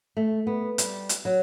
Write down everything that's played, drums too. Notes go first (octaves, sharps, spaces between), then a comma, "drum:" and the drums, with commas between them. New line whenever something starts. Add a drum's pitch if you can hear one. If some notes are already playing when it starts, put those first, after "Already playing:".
A3
B3
G3, drum: hi-hat
drum: hi-hat
F#3